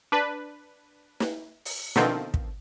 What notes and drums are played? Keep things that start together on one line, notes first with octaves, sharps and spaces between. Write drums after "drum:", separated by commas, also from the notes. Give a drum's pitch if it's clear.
D4 B4
drum: snare
drum: open hi-hat
B2 D3 D#3 F3 C4, drum: snare
drum: kick